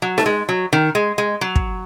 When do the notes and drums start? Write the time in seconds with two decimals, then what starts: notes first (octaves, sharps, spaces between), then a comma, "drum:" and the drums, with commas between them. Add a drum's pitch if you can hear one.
0.02 F#3
0.18 A3, drum: snare D#4
0.26 G#3
0.49 F#3
0.73 D#3
0.95 G#3
1.18 G#3
1.41 F#3
1.56 drum: kick